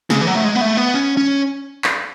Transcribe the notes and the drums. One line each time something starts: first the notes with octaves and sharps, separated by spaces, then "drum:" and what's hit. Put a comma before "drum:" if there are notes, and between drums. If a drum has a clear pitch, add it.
C#3, drum: snare
E3
F#3
A3
G#3
B3
A3
B3
C#4
C#4
drum: clap